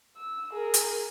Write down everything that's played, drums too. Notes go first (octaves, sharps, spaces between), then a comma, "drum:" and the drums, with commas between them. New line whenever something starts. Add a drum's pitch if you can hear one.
E6
G#4 A#4
drum: hi-hat